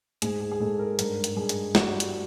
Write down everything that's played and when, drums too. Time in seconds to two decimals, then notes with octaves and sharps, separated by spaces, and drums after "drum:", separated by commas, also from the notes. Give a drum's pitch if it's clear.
0.22 G#2 G#4, drum: hi-hat
0.41 G#4
0.51 G#4
0.60 G#2 A4
0.79 A#4
0.99 G2 A#4, drum: hi-hat
1.24 drum: hi-hat
1.36 G2 G#4
1.49 drum: hi-hat
1.75 G3 F#4, drum: snare
2.00 drum: hi-hat